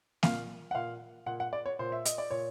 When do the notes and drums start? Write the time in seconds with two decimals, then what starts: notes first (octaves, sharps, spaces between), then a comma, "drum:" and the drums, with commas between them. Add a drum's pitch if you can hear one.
0.23 A#2 F5, drum: snare A#3
0.71 F#5
0.75 A#2 F5
1.26 A#2 F#5
1.40 F#5
1.53 D5
1.66 C#5
1.79 A#2 C5
1.92 E5
2.05 D#5, drum: hi-hat
2.18 D5
2.31 A#2 C#5